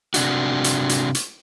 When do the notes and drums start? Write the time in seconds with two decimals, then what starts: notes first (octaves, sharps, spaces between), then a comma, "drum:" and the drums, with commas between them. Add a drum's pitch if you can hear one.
0.14 C3 D4 F#4, drum: hi-hat
0.64 drum: hi-hat
0.89 drum: hi-hat
1.15 drum: hi-hat